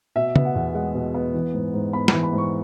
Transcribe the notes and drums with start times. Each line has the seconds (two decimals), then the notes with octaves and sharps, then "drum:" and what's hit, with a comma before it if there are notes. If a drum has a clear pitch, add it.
0.16 B2 E5
0.36 B3, drum: tom
0.45 F#5
0.55 E2
0.75 G#3 F#5
0.94 B2
1.14 B3
1.34 E3
1.54 G#2
1.74 G#2
1.93 B3 B5
2.08 B5, drum: snare
2.13 E3
2.23 B5
2.33 G#2
2.38 C#6